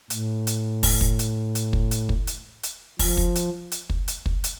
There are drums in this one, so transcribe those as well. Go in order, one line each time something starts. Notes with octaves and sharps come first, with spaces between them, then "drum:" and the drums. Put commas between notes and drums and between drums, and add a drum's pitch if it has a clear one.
A2, drum: hi-hat
drum: hi-hat
drum: kick, open hi-hat
drum: kick
drum: hi-hat
drum: hi-hat
drum: kick
drum: hi-hat
drum: kick
drum: hi-hat
drum: hi-hat
F3, drum: kick, open hi-hat
drum: kick
drum: hi-hat
drum: hi-hat
drum: kick
drum: hi-hat
drum: kick
drum: hi-hat